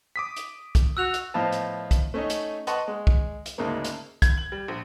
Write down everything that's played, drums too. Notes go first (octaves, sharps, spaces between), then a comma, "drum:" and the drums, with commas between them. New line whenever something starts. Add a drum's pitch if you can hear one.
D6 D#6 B6
drum: hi-hat
drum: kick, hi-hat
F#4 E6 F#6 F7
drum: hi-hat
A2 F3 B3 D#5 F5 A5
drum: hi-hat
drum: kick, hi-hat
A3 C#4 D#4
drum: hi-hat
B4 D#5 F#5 A5 C6 C#6, drum: hi-hat
G#3
drum: kick
drum: hi-hat
D2 G#2 C#3 G#3 A#3
drum: hi-hat
G#6, drum: kick, hi-hat
F#7
G3
A#1